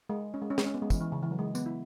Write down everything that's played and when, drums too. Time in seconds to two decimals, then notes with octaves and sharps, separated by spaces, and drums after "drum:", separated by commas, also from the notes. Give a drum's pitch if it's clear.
0.09 G#3
0.34 C#4
0.42 G#3
0.50 C#4
0.58 G#3, drum: snare
0.66 C#4
0.74 B3
0.82 G#3
0.90 E3, drum: kick, tambourine
1.01 E3
1.12 C#3
1.23 E3
1.31 F#3
1.39 G#3
1.55 B3, drum: tambourine
1.66 E4